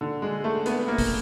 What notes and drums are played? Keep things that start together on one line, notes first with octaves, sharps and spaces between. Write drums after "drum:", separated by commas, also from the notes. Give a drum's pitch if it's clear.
D3
G#3
A3
B3, drum: hi-hat
A#3
drum: kick, open hi-hat